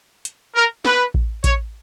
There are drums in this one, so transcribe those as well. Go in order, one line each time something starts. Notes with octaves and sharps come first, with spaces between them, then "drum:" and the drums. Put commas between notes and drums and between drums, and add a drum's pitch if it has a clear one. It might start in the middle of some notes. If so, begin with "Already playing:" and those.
drum: hi-hat
A#4
B4, drum: snare
drum: kick A1
C#5, drum: kick A1, hi-hat